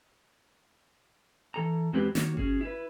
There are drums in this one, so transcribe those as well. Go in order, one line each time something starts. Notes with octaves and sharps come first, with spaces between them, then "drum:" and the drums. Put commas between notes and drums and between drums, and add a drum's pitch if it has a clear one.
E3 A4 A#5
E2 F#3 G#3 C4 G4 B4
D#3 A#3 F#4 C#5, drum: snare
C#4 F#4 G#4, drum: kick G1
E4 B4